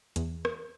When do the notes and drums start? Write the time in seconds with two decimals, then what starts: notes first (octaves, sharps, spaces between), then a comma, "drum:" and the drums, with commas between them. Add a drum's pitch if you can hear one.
0.16 E2, drum: hi-hat
0.45 drum: rim click